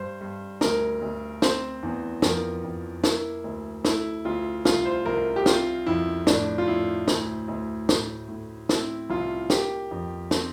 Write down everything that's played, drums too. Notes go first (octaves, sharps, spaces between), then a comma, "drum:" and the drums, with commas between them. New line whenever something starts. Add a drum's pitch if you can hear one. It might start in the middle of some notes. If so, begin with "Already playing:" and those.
Already playing: G2 C5
G2
D2 A#4, drum: snare
D2
C4 C5, drum: snare
E2
F2 A#4, drum: snare
F2
A#3 E4, drum: snare
D2
A3 E4, drum: snare
D2 F4
C2 F4, drum: snare
C5
C2 A#4
G4
C4 F4, drum: snare
F2 E4
A2 D4, drum: snare
F4
A2 E4
D2, drum: snare
D2
A2, drum: snare
A2
C4 E4, drum: snare
C2 F4
A#3 G4, drum: snare
F2
C4, drum: snare